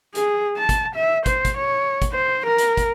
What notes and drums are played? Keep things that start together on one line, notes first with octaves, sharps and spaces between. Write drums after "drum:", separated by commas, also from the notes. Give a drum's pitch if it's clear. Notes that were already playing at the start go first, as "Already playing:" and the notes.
G#4, drum: hi-hat
A5
drum: kick, hi-hat
E5
C5, drum: kick, hi-hat
drum: kick, hi-hat
C#5
drum: kick, hi-hat
C5
A#4
drum: hi-hat
drum: kick, hi-hat